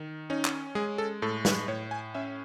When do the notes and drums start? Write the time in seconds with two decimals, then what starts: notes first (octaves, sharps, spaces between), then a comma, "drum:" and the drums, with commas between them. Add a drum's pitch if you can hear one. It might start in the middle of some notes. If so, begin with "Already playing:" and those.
Already playing: D#3
0.30 C#4 D#4
0.45 drum: clap
0.75 G#3 G#4
0.98 A4
1.22 A2 A4
1.45 B4, drum: snare
1.68 A2 C#5
1.91 G#5
2.14 C#4 E5